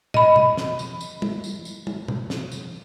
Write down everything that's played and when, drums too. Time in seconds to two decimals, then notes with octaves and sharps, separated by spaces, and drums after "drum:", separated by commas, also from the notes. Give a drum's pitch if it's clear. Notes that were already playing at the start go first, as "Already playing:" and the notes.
0.14 D#5 B5, drum: tom
0.36 drum: tom
0.57 drum: snare
0.79 drum: tambourine
1.01 drum: tambourine
1.22 drum: tom
1.44 drum: tambourine
1.65 drum: tambourine
1.87 drum: tom
2.08 drum: tom
2.30 drum: snare
2.52 drum: tambourine